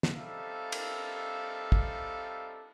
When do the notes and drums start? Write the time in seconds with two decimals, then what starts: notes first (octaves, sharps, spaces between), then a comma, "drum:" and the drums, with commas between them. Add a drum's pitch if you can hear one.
0.03 drum: snare
0.16 G3 C4 D#4 A4 E5 F5
0.72 drum: cymbal
1.72 drum: kick